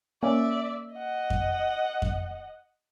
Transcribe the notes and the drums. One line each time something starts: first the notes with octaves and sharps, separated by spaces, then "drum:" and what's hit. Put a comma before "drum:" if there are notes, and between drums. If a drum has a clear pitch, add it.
A#3 C#4 D5 E5
D#5 F#5
drum: kick F2
drum: kick F2